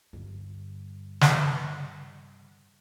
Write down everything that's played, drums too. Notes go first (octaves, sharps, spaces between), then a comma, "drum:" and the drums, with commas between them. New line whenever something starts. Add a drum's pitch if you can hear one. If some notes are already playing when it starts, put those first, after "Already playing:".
G2 D3
drum: snare